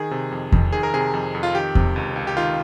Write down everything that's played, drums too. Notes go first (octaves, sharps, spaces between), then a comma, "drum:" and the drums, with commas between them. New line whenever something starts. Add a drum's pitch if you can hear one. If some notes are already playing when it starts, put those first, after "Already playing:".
Already playing: D#3 G#4
C3
F2
F2, drum: kick E2
D#3 G#4
A#4
C3 G#4
F2
F2
F4
D#3 G4
C3, drum: kick E2
C#2
C#2
G4
D#3 F4